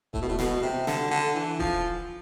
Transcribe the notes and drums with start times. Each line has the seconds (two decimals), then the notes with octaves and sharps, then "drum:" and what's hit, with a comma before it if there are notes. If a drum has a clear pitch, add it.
0.14 A2, drum: kick D#1
0.22 B2
0.29 A2
0.38 B2, drum: snare
0.63 C3
0.87 D3, drum: snare
1.11 D3
1.35 E3
1.59 F3, drum: kick D#1